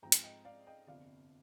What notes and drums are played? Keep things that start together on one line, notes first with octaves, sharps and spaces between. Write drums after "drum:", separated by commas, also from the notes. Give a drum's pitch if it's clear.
G#2 F3 G#3 C4 G5 A#5
drum: hi-hat
D#5 G5
D5 F5
D#5 G5
G1 F2 C3 D5 F5